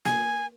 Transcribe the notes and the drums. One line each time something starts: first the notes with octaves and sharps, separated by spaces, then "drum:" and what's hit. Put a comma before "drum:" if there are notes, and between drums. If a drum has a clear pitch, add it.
G#5, drum: snare A#3